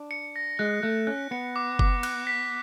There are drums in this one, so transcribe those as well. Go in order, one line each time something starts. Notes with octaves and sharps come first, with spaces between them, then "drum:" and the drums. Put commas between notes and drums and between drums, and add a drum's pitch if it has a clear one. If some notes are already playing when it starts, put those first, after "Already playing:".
Already playing: D4
C#7
A#6
G#3 F#6
A3 F#6
C#4 F#6
B3 C#7
D6
D6, drum: kick F#1
F#6, drum: cymbal
B6